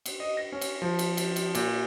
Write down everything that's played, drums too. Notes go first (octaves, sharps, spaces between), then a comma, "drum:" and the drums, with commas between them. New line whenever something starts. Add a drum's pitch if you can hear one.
drum: cymbal
D#5
A#6
C#4
drum: cymbal
F3
drum: cymbal
drum: cymbal
drum: cymbal
A#2, drum: cymbal